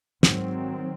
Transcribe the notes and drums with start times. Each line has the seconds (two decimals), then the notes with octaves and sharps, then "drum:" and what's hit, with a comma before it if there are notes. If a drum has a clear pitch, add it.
0.23 G#2 D#3 F#3 C4, drum: snare